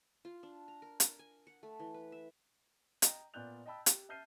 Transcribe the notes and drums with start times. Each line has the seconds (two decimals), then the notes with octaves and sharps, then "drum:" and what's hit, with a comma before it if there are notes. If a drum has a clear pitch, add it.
0.25 F4
0.43 D4
0.68 A#5
0.82 A#4
1.00 A#4, drum: hi-hat
1.19 G#5
1.47 F#5
1.63 A3
1.79 E3
1.94 B4
2.12 E5
3.02 D#5 G5 A#5, drum: hi-hat
3.34 A#2 B3 D5 F#6 G6 F7
3.66 D#5 G5 A5 B5 E6
3.86 G4, drum: hi-hat
4.09 E5 A5 F6 G6 C7 D#7